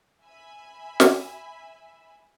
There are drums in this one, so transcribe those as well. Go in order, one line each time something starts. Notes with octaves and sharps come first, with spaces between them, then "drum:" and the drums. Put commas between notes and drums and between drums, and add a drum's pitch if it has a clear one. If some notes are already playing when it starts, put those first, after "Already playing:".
E5 G#5 B5
drum: snare